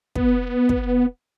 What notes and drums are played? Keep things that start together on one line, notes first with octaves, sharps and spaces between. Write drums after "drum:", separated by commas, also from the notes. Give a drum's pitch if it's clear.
B3, drum: kick
drum: kick